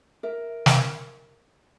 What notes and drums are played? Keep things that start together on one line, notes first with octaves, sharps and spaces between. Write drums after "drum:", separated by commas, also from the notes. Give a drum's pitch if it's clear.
A#4 E5
drum: snare